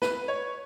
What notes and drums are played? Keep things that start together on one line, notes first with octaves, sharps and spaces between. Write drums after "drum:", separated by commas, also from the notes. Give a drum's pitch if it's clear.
B4, drum: snare
C#5